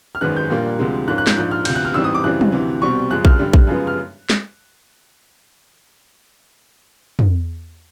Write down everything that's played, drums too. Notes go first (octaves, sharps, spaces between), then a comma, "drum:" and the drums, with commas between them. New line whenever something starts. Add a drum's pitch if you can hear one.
F6
G#1 F#2 D#3 G#3 B3 F#6
G6
A#1 A#2 G3 A#3
D2 C3 F3 G#3
G#2 F3 A#3 C#4 F#6
F#6
G6, drum: snare
A#1 G#2 F3 F#6
F6
D2 C3 F3 G6, drum: cymbal
F#6
F6
A1 G#2 E3 G3 C4 E6
D#6
D6
F#2 C#3 E3 G3 C4 F#6
drum: tom
D2 C3 E3
C2 B2 G3 C4 C#6
F#2 C#3 F3 G#3 F#6
F6, drum: kick A#1
G2 D3 G3
drum: kick A#1
F#2 C#3 F3 G#3 B3
F6
drum: snare
drum: tom